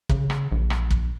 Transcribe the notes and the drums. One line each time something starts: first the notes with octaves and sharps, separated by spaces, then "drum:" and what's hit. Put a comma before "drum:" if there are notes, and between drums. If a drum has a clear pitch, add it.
C#3, drum: kick
drum: rim click
A#1
drum: rim click
drum: kick